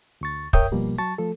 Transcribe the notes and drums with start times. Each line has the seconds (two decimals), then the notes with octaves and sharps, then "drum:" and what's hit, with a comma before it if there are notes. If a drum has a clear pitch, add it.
0.21 D2 C#6 A6
0.53 A#4 C#5 E5 G5 D#6 G6, drum: kick
0.72 B2 F3 G3 A#3
0.98 F#3 A5 C#6 A6
1.18 F3 A3 A4